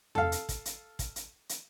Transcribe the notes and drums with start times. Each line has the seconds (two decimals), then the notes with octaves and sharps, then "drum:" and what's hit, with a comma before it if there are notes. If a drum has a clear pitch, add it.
0.15 A4 F5, drum: tom E2
0.32 drum: hi-hat
0.49 drum: kick, hi-hat
0.65 drum: hi-hat
0.99 drum: kick, hi-hat
1.16 drum: hi-hat
1.49 drum: hi-hat